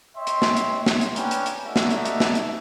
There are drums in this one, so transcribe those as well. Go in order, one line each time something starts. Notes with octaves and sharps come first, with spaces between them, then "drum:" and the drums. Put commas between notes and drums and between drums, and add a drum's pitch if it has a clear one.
C#5 D#5 E5 G5 C6
drum: hi-hat
drum: snare
drum: hi-hat
drum: snare
drum: hi-hat
B3 C#4 D4 G5 A#5, drum: hi-hat
drum: hi-hat
drum: hi-hat
A3 D#4 F#4 D5 E5
drum: snare
drum: hi-hat
drum: hi-hat
drum: snare
drum: hi-hat